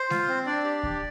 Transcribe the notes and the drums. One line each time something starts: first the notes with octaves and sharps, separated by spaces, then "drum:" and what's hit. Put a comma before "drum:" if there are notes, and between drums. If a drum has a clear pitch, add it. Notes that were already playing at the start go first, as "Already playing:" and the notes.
Already playing: C5
F4, drum: snare G#3
C4
D4 D5
G4
G4, drum: kick D#2